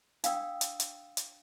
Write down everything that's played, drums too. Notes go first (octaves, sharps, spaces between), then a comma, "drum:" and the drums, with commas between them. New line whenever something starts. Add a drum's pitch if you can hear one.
D4 F5 G5 D#6 E6, drum: hi-hat
drum: hi-hat
drum: hi-hat
drum: hi-hat